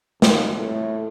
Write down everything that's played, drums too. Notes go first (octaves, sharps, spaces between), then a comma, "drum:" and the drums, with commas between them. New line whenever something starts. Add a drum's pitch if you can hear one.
D#2, drum: snare
A2